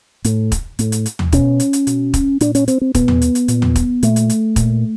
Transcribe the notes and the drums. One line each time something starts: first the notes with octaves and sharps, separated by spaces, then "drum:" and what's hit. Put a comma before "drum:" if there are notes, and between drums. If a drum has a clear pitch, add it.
A2, drum: hi-hat
drum: kick, hi-hat
A2, drum: hi-hat
drum: hi-hat
drum: hi-hat
drum: tom D#2
B2 C#4, drum: kick, hi-hat
drum: hi-hat
drum: hi-hat
B2, drum: hi-hat
drum: kick, hi-hat
A#2 D4, drum: hi-hat
C#4, drum: hi-hat
C4, drum: hi-hat
C4
A#2 B3, drum: kick, hi-hat
drum: tom D#2
drum: hi-hat
drum: hi-hat
A#2, drum: hi-hat
drum: tom D#2
drum: kick, hi-hat
A#2 A3, drum: hi-hat
drum: hi-hat
drum: hi-hat
A#2, drum: kick, hi-hat